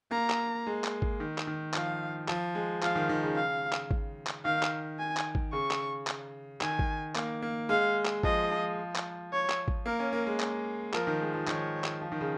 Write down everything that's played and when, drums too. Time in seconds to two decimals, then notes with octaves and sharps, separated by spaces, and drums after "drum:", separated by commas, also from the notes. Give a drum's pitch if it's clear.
0.11 A#3 A#5
0.30 drum: clap
0.67 G#3
0.84 drum: clap
1.02 drum: kick G#1
1.20 D#3
1.38 drum: clap
1.47 D#3
1.74 F3 F5, drum: clap
2.28 F3, drum: clap
2.55 G#3
2.82 F3 F5, drum: clap
2.95 D#3
3.09 D#3
3.23 C#3
3.36 F5
3.73 drum: clap
3.91 drum: kick G#1
4.27 drum: clap
4.45 D#3 F5
4.63 drum: clap
4.99 G#5
5.17 drum: clap
5.35 drum: kick G#1
5.53 C#3 C#6
5.71 drum: clap
6.07 drum: clap
6.61 D#3 G#5, drum: clap
6.79 drum: kick G#1
7.15 A#3, drum: clap
7.42 A#3
7.69 G#3 F5
8.05 drum: clap
8.23 F3 D#5, drum: kick G#1
8.51 F3
8.96 drum: clap
9.32 C#5
9.50 drum: clap
9.68 drum: kick G#1
9.86 A#3 A#4
10.00 C#4
10.13 A#3
10.27 G#3
10.40 drum: clap
10.94 F3 A#4, drum: clap
11.07 D#3
11.22 G#3
11.34 F3
11.47 D#3 C#5, drum: clap
11.84 drum: clap
12.02 F3
12.12 D#3
12.21 C#3